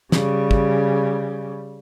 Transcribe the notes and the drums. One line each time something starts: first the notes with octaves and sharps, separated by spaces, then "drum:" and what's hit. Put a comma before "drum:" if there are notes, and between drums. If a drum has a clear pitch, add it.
C#3 G3, drum: snare
drum: kick